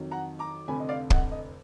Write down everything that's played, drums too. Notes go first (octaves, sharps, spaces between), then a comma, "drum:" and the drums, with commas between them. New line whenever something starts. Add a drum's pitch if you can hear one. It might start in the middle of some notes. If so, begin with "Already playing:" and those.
Already playing: F2 D#3 F#3
F#5 A#5
A#5 D6
F1 F2 D3 G#5 B5
D#5
D5 F5
D#5 F#5, drum: kick
D#5